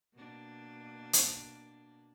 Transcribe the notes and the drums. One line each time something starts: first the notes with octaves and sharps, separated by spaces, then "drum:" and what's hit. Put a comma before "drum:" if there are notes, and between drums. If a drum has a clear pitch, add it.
B2 A#3 D4
drum: hi-hat